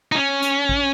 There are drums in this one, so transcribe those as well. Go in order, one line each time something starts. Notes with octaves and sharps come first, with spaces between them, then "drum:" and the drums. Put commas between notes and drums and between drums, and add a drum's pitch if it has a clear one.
D#4
C#4
drum: hi-hat
drum: kick A1